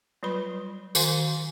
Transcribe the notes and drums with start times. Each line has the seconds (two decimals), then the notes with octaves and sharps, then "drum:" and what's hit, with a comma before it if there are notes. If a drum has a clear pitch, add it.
0.23 F#3 G3 F4 B4 B5
0.95 D#3 F#4 C5 F5 G#5 C6, drum: tambourine